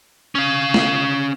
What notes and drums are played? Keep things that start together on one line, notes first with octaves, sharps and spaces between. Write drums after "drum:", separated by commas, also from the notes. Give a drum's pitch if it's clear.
C#4 F5
drum: snare